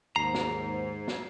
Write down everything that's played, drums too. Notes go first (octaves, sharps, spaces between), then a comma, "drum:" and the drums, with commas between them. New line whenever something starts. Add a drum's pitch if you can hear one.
D#2 G#2 A#5 C7
drum: snare
drum: snare